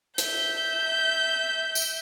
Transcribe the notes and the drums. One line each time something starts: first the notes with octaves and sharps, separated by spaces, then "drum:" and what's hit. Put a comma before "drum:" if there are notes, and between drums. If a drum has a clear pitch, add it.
E5 G6, drum: hi-hat
drum: tambourine